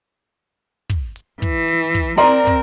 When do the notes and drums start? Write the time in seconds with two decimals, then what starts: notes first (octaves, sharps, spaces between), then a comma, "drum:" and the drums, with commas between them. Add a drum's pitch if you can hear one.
0.90 drum: kick, hi-hat
1.16 drum: hi-hat
1.42 E3, drum: kick
1.68 drum: hi-hat
1.95 drum: kick, hi-hat
2.18 C4 A#4 D5 A#5 C6
2.47 drum: kick, hi-hat